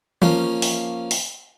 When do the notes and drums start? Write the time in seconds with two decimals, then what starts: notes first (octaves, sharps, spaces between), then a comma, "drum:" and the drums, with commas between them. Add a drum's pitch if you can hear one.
0.22 F3 A#3 C#4, drum: tom E3
0.62 drum: open hi-hat
1.11 drum: open hi-hat